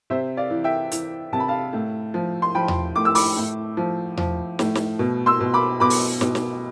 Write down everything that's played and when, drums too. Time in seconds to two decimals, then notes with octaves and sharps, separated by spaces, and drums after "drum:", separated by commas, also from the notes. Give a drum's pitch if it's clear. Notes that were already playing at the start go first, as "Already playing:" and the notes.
0.10 C3 C5 E5
0.37 D5 F5
0.50 E3
0.64 E5 G5
0.91 E3, drum: hi-hat
1.33 C3 A5
1.40 B5
1.48 F5 A5
1.73 A2
2.14 F3
2.42 C6
2.55 F3 G5 B5
2.68 drum: tom E2
2.95 A2 D6
3.05 E6
3.15 B5 D6, drum: open hi-hat
3.37 A2
3.77 F3
4.17 F3, drum: tom E2
4.59 A2, drum: snare
4.75 drum: snare
4.99 B2
5.26 C6 E6
5.40 B2
5.54 B5 D6
5.80 B2 B5 D6
5.90 drum: open hi-hat
6.21 B2, drum: snare
6.35 drum: snare